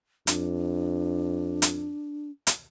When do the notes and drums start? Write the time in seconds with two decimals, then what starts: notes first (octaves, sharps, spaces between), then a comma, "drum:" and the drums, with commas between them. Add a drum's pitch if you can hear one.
0.27 F2 D4, drum: hi-hat
1.62 drum: hi-hat
2.47 drum: hi-hat